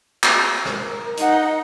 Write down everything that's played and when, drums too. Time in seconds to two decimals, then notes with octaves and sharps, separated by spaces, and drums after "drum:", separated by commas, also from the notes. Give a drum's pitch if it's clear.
0.23 drum: clap
0.65 A#4, drum: rim click
1.17 D#4 F#5, drum: hi-hat